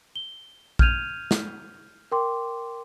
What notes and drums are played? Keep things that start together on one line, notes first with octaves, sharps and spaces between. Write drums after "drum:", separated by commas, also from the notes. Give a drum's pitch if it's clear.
G7
F6 G6 G#6 D#7 F7, drum: kick A#1
drum: snare
A#4 G5 C6 D6